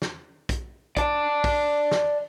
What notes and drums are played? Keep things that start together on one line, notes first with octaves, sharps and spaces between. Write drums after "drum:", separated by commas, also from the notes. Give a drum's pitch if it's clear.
drum: snare
drum: kick, hi-hat
D5 A5, drum: kick, hi-hat
drum: kick, open hi-hat
drum: snare